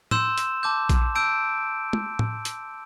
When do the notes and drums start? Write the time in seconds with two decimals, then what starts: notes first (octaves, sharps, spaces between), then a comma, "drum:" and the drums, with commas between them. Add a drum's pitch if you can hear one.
0.11 C6 E6 G6 E7, drum: tom A2
0.38 drum: hi-hat
0.63 A5 D6 G6
0.89 drum: kick A#1, hi-hat
1.15 A5 E6 G6 D7
1.93 drum: tom
2.19 drum: tom A2
2.45 drum: hi-hat